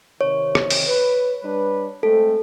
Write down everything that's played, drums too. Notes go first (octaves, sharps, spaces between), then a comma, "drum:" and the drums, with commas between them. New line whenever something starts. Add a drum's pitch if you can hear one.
C3 D#3 C#5
drum: rim click
drum: open hi-hat
B4
G3 D4 B4
G#3 A3 C4 A4